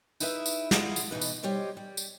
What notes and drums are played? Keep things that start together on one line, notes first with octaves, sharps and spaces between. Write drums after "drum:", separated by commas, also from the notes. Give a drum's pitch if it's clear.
D#4 E4 G#4 B4 D#5 E5, drum: tambourine
drum: tambourine
E4 F4 G#4 F5 F#5, drum: snare
drum: tambourine
B2 E3 D#4 B4
drum: tambourine
G3 G4 C5 C#5 D#5
G3
drum: tambourine